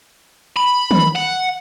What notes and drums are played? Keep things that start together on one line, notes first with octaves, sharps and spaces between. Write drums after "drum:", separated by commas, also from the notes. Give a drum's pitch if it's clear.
B5
drum: tom D#3
F#5